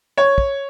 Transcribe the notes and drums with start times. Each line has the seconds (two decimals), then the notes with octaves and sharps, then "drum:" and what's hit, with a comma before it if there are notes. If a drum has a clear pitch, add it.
0.17 C#5
0.38 drum: kick